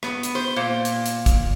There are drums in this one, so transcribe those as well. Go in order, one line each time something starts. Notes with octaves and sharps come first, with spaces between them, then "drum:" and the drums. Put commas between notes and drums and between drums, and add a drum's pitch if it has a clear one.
B3, drum: rim click
drum: hi-hat
C5
A#2
drum: hi-hat
drum: hi-hat
drum: kick, hi-hat